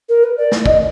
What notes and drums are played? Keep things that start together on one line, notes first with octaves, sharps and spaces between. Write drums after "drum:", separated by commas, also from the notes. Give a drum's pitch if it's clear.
A#4
B4
D5
drum: snare
D#5, drum: kick